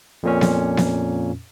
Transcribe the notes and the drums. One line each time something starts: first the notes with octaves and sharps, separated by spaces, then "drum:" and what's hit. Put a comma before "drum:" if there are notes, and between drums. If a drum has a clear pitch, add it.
F2 A#2 C#4
drum: snare B3
drum: snare B3